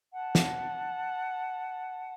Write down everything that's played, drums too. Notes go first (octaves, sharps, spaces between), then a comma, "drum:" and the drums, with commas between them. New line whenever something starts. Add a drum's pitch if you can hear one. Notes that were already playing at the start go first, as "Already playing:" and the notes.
F#5 A5
drum: snare